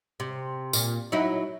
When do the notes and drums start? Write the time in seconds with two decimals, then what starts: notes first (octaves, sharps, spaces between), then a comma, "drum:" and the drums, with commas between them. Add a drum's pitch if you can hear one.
0.20 C3
0.73 A#2, drum: tambourine
1.12 F#3 D#4 E4